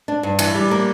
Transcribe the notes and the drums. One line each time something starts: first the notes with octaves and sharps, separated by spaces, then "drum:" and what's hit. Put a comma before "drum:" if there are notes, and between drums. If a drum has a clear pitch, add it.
D4
G2
E3, drum: cymbal
G3
A#3